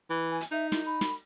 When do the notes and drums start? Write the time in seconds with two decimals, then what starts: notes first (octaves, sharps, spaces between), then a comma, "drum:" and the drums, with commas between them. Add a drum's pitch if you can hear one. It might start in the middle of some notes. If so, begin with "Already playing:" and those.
0.10 E3
0.30 G#5
0.40 drum: hi-hat
0.51 D#4 E5
0.72 E4, drum: snare
0.85 B5
1.01 drum: snare